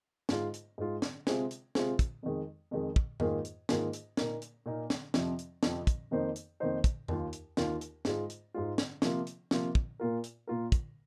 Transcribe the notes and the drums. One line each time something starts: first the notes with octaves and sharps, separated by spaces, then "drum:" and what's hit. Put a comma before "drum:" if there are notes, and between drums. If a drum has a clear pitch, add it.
G#2 G#3 F4, drum: snare
drum: hi-hat
G#2 G#3 F4
drum: snare
C3 G#3 F4 G#4 C5, drum: snare
drum: hi-hat
C3 G#3 F4 G#4 C5, drum: snare
drum: kick, hi-hat
F2 D#3 G#3
F2 D#3 G#3
drum: kick
G#2 D#3 A#3 F4 G#4, drum: tom F2
drum: hi-hat
G#2 D#3 A#3 F4 G#4, drum: snare
drum: hi-hat
A#2 A#3 D#4 A#4, drum: snare
drum: hi-hat
A#2 A#3 D#4 A#4
drum: snare
F2 C3 F3 C4, drum: snare
drum: hi-hat
F2 C3 F3 C4, drum: snare
drum: kick, hi-hat
F2 D#3 A#3 D#4 C5
drum: hi-hat
F2 D#3 A#3 D#4 C5
drum: kick, hi-hat
D#2 D#3 A#3 F4, drum: tom F2
drum: hi-hat
D#2 D#3 A#3 F4, drum: snare
drum: hi-hat
G#2 G#3 F4, drum: snare
drum: hi-hat
G#2 G#3 F4
drum: snare
C3 F3 A#3 F4, drum: snare
drum: hi-hat
C3 F3 A#3 F4, drum: snare
drum: kick
A#2 A#3 F4 A#4
drum: hi-hat
A#2 A#3 F4 A#4
drum: kick, hi-hat